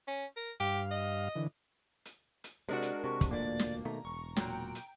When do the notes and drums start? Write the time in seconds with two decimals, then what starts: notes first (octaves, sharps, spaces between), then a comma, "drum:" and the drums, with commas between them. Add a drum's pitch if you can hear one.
0.07 C#4
0.36 A#4
0.60 G2 G4 F5
0.91 D#5
1.36 D3 E3
2.05 drum: hi-hat
2.44 drum: hi-hat
2.69 C3 G#3 D4 F#4 A#4
2.82 drum: hi-hat
3.04 C3 C#6
3.21 drum: kick, hi-hat
3.31 E1 D2 A#2 A#3 D5
3.59 drum: snare
3.85 B2 D#3 A3 A#5
4.05 E1 C#6
4.36 A#2 F#3 G5, drum: snare
4.75 drum: hi-hat